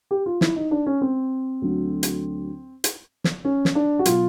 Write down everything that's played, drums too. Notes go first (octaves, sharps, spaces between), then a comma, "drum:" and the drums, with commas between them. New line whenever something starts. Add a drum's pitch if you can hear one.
G4
F4
E4, drum: snare
D#4
D4
C#4
C4
D2 D3 F#3
drum: hi-hat
drum: hi-hat
drum: snare
C#4
drum: snare
D4
F#4
B2 F#3 F4, drum: hi-hat